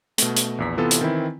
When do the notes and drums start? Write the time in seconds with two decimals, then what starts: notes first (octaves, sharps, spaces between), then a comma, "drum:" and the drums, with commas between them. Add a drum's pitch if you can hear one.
0.18 B2 A3, drum: hi-hat
0.36 drum: hi-hat
0.58 A#1 E2 B6
0.77 C3 E3 B3 F4 A4
0.91 drum: hi-hat
1.01 D#3 E3 C4 E4